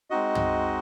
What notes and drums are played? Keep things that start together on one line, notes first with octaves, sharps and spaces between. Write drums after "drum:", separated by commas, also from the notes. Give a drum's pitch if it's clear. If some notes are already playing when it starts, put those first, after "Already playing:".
G#3 C4 D#4 F#4 D#5
drum: tom